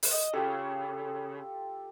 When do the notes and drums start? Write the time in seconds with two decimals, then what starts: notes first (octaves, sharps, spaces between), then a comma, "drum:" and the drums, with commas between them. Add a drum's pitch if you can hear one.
0.03 drum: open hi-hat
0.12 D#5
0.33 C#3 F4 G4 A4